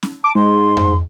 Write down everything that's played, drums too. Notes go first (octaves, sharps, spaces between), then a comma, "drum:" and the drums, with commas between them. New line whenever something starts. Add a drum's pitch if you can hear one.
drum: snare C#4
A5 D6
G#2 C6
drum: tom F2